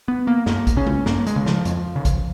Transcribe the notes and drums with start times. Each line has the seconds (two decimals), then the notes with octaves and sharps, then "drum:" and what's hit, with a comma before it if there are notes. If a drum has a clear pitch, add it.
0.08 B3
0.27 A#3
0.46 F#2 A#3, drum: snare
0.67 drum: kick G#1, hi-hat
0.77 C#3 C#4
0.87 drum: tom G#3
1.06 F#2 A#3, drum: snare
1.27 G#3, drum: hi-hat
1.36 C#3
1.46 F3, drum: snare
1.65 F2, drum: hi-hat
1.96 C#3
2.05 drum: kick G#1, hi-hat